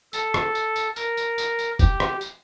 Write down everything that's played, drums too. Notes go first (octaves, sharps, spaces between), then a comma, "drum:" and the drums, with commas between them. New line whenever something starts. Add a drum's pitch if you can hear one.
A4, drum: tambourine
drum: rim click
drum: tambourine
drum: tambourine
A#4, drum: tambourine
drum: tambourine
drum: tambourine
drum: tambourine
G4, drum: kick, tambourine
drum: rim click
drum: tambourine